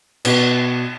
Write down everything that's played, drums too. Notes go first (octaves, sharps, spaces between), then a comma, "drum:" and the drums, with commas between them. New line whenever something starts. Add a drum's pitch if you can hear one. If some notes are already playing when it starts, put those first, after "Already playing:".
B2 B3 F#4, drum: cymbal